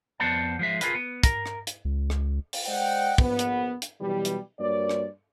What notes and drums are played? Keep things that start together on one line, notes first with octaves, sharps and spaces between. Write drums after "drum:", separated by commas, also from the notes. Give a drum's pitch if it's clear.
F2 B3 C5 D5 F#5 A5
F3 G#3 E5
F4 G#4 A#4 B4, drum: hi-hat
B3
A#4, drum: kick, hi-hat
drum: rim click
drum: hi-hat
C#2
drum: rim click
drum: open hi-hat
G#3 C5 D5 D#5 F#5 G5
A#1 B3, drum: kick
drum: hi-hat
drum: hi-hat
B2 E3 F#3 G3
drum: hi-hat
G2 A#3 F#4 C#5 D5
drum: rim click